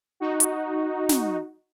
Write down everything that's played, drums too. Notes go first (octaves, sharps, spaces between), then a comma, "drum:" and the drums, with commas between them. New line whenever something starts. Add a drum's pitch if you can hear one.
D#4 F#4
drum: hi-hat
drum: snare